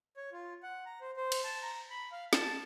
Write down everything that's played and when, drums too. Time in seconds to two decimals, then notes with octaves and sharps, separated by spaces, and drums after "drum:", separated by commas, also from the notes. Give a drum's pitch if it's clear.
0.17 C#5
0.32 F4
0.63 F#5
0.86 A#5
1.01 C5
1.17 C5
1.32 drum: cymbal
1.44 A5
1.62 A#5
1.90 B5
2.12 F5
2.33 A5, drum: snare